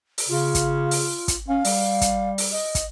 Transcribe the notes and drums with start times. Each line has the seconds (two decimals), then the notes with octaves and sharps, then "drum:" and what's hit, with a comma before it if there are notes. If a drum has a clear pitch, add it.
0.18 drum: open hi-hat
0.29 C#3 F4
0.55 drum: kick, hi-hat
0.91 drum: open hi-hat
1.28 drum: kick, hi-hat
1.48 C#4 F5
1.65 G3, drum: open hi-hat
2.01 drum: kick, hi-hat
2.38 drum: open hi-hat
2.52 D#5
2.75 drum: kick, hi-hat